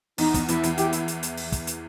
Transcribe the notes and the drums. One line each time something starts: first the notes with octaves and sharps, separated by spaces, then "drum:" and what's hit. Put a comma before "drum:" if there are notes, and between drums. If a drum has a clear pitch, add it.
E2 D#4, drum: open hi-hat
E2, drum: kick, hi-hat
E2 E4, drum: hi-hat
E2, drum: hi-hat
E3 G4, drum: hi-hat
E4, drum: hi-hat
drum: hi-hat
drum: hi-hat
drum: open hi-hat
drum: kick, hi-hat
drum: hi-hat